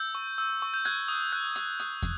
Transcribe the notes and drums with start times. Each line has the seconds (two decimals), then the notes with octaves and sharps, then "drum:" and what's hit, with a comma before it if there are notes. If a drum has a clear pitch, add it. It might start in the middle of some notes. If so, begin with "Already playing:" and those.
Already playing: E6 G6
0.15 C#6
0.38 E6
0.62 C#6
0.74 G6
0.85 F#6 G#6, drum: hi-hat
1.08 D#6
1.32 F#6
1.56 D#6, drum: hi-hat
1.80 D#6, drum: hi-hat
2.02 drum: kick, hi-hat